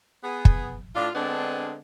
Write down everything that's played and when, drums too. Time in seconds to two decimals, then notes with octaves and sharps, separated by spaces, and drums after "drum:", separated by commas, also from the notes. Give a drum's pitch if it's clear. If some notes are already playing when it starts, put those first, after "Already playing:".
0.23 B3 G#4
0.45 drum: kick
0.95 A2 D4 F4
1.15 D3 G#3 B3 C4 D4